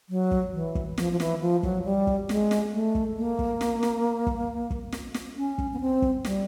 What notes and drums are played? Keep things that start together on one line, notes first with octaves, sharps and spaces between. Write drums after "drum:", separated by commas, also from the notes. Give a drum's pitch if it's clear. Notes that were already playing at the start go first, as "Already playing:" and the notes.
F#3
drum: kick
E3
drum: kick
F3, drum: snare
F3
E3, drum: snare
F3
F#3, drum: kick
G3
drum: kick
G#3, drum: snare
drum: snare
A3
drum: kick
A#3
drum: kick
drum: snare
drum: snare
drum: kick
drum: kick
drum: snare
drum: snare
C#4
drum: kick
B3
C4
drum: kick
G3, drum: snare